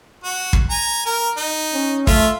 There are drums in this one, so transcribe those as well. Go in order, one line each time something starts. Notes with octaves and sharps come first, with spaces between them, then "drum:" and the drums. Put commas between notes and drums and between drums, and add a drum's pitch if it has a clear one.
F#4
drum: kick
G#5 A#5
A#4
D#4
C#4
A3 F4 E5, drum: kick